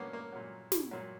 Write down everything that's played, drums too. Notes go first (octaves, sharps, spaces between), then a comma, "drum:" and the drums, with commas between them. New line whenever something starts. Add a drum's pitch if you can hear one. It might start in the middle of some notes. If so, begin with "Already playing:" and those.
Already playing: A#2 F#3 A#3 B3 C#4 D4
A#3
A#2 F#3
drum: snare
A#2 F#3